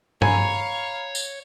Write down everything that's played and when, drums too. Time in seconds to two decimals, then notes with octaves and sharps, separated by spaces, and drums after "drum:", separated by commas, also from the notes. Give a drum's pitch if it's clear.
0.22 C#5 F5 G#5 A#5 B5, drum: tom G2
1.15 drum: tambourine